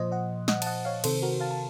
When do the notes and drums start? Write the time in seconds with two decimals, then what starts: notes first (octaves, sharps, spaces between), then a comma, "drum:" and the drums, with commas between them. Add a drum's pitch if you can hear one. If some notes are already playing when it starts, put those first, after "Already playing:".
Already playing: A#2 F3 C5 D#5
0.12 D#5 F#5
0.48 D#5 F#5, drum: snare
0.62 A5, drum: cymbal
0.66 D#5 F#5
0.85 C#5 F5
1.04 C3 D#3 A4 C5, drum: cymbal
1.22 F#4 A#4
1.40 F5 A5
1.51 A5